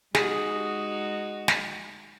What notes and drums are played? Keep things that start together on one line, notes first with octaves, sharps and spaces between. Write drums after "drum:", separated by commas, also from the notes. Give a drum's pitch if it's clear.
G#3 D#4 F#4 G#4, drum: snare
drum: snare